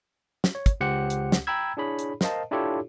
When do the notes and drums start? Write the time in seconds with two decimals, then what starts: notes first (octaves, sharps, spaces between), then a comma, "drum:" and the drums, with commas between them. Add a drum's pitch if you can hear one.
0.44 drum: snare
0.55 C#5
0.66 drum: kick, hi-hat
0.81 C#2 G4 C5 F#5 C#7
1.10 drum: hi-hat
1.32 drum: snare
1.47 G5 A#5 B5 E6 G#6
1.77 D4 E4 G#4 C#5 B5
1.99 drum: hi-hat
2.21 A#4 C5 D#5 F5 A5, drum: snare
2.51 D4 E4 F4 G4 A4 C#5